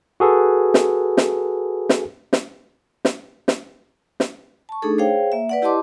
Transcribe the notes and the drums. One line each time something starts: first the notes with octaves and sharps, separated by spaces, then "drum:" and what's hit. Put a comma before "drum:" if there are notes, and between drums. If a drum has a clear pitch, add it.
F#4 G#4 A4 B4
drum: snare
drum: snare
drum: snare
drum: snare
drum: snare
drum: snare
drum: snare
A5 C#6
A3 D4 D#4 G#4 A4
G#4 C5 C#5 F5 G5
A#3 E5
B4 D5 F#5
E4 G4 D#5 A5 C6 D6